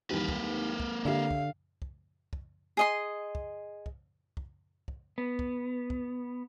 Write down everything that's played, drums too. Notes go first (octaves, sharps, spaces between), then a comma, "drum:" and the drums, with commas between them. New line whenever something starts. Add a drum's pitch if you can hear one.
D#2 E3 G3 A#3 B4
drum: kick
drum: kick
D3 G4 E5 F5
drum: kick
drum: kick
drum: kick
G#4 D#5 C6
drum: kick
drum: kick
drum: kick
drum: kick
B3
drum: kick
drum: kick